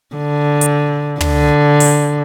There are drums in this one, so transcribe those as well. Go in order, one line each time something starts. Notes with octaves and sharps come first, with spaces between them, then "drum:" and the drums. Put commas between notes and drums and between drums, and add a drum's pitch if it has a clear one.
D3
drum: hi-hat
D3, drum: tom
drum: open hi-hat